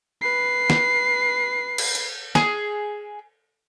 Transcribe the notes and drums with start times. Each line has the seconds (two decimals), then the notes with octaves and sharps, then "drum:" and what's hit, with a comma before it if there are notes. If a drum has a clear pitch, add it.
0.22 B4 C7
0.70 drum: snare
1.78 drum: cymbal
1.95 drum: hi-hat
2.35 G#4, drum: snare